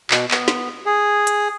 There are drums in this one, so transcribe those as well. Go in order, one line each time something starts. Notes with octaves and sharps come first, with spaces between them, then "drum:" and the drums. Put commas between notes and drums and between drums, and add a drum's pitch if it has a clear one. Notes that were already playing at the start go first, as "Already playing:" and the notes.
B2, drum: clap
B3, drum: clap
drum: snare
G#4
drum: hi-hat